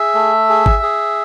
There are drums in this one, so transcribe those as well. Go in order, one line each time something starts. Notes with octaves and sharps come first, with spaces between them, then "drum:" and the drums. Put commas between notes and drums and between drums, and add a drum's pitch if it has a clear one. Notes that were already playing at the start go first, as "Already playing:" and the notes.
Already playing: G#4 E5
A3
G#4
drum: kick G#1
G#4